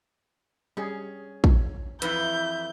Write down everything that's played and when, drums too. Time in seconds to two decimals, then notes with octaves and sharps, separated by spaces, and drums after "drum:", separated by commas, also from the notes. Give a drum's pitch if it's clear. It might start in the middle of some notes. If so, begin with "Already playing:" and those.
0.77 G3 C#4 G#4
1.44 drum: kick
2.02 F2 E3 E4 B4 G6, drum: hi-hat